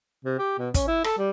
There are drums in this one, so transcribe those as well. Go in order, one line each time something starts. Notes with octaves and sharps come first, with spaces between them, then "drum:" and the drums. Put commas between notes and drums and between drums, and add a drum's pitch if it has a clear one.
C3
G4
B2
C#4, drum: kick, hi-hat
E4
A4, drum: rim click
G3